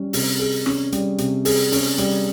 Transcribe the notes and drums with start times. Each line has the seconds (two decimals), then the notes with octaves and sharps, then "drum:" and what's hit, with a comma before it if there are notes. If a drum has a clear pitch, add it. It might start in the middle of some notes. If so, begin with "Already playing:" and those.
Already playing: G3 C#4
0.13 C3, drum: open hi-hat
0.39 G#4
0.66 C#4, drum: rim click
0.92 G3, drum: hi-hat
1.18 C3, drum: hi-hat
1.45 G#4, drum: open hi-hat
1.72 C#4, drum: open hi-hat
1.98 G3, drum: hi-hat